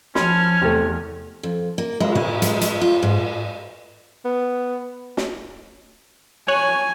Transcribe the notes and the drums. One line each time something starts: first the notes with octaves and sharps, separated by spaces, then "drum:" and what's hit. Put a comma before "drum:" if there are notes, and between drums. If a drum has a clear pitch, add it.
F3 C#4 A5 B5 C6 F6, drum: snare
E2 C3 A3
F2
A#3
G#3, drum: cymbal
E4, drum: tom
G#3, drum: hi-hat
G#3, drum: hi-hat
F4
G#2
B3
drum: snare
C#5 G#5 F#6